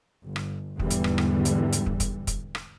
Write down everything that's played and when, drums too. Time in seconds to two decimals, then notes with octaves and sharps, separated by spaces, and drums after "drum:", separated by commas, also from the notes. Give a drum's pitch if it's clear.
0.22 G1
0.36 drum: rim click
0.79 E2 G#2 D3 E3 G3, drum: kick
0.90 drum: hi-hat
1.04 drum: rim click
1.18 drum: rim click
1.45 drum: hi-hat
1.73 drum: hi-hat
1.86 drum: kick
2.00 drum: kick, hi-hat
2.27 drum: kick, hi-hat
2.55 drum: rim click